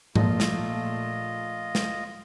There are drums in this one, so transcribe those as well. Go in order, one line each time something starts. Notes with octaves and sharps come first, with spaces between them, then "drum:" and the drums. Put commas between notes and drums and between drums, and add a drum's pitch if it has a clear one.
A#1 A#2 A3 F4 D#5, drum: tom G#2
drum: snare
drum: snare